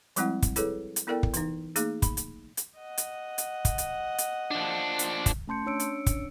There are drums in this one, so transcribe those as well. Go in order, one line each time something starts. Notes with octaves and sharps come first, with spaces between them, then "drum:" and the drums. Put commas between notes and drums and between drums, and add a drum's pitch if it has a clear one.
F3 G3 G#3 C4 E4 F#5, drum: hi-hat
drum: kick, hi-hat
E4 G#4 A4 B4 C#5, drum: hi-hat
drum: hi-hat
B3 E4 A4 A#4 D5 G5
drum: kick
E3 D#4, drum: hi-hat
A3 A#3 D#4 G#4, drum: hi-hat
B5, drum: kick, hi-hat
drum: hi-hat
drum: hi-hat
D#5 F#5
drum: hi-hat
drum: hi-hat
drum: kick, hi-hat
drum: hi-hat
drum: hi-hat
F3 D4
drum: hi-hat
drum: kick, hi-hat
A3 C#4 A5 C6 G6 C#7
C#4 D4 C#5 E6 C#7 D7
drum: hi-hat
drum: kick, hi-hat